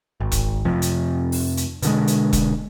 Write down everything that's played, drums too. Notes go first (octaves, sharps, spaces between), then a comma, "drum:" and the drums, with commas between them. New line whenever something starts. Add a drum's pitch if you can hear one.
G#1
drum: kick E1, hi-hat
F2 C3 F3
drum: hi-hat
drum: open hi-hat
drum: hi-hat
B2 D3 G#3, drum: hi-hat
drum: hi-hat
drum: kick E1, hi-hat